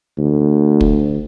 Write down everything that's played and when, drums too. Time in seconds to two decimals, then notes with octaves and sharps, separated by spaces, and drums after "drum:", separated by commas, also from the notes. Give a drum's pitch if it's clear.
0.18 D2
0.81 drum: kick